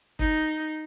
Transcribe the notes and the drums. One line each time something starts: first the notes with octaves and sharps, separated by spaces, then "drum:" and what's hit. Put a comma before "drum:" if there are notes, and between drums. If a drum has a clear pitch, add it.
D#4, drum: kick F#1, hi-hat